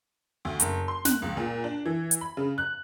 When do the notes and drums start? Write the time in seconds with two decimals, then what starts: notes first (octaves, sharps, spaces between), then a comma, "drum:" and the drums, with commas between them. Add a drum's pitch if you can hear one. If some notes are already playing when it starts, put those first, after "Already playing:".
0.45 D2
0.60 F#1, drum: hi-hat
0.88 C6
1.05 F#6, drum: snare
1.22 C#2
1.37 A#2
1.64 D4
1.86 E3
2.11 drum: hi-hat
2.21 B5
2.37 C#3
2.58 F#6